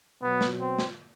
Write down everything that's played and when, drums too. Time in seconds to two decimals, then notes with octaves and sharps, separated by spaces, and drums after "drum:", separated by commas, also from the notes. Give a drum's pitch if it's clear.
0.21 B2 F#3 B3
0.41 drum: snare
0.60 C4
0.79 drum: snare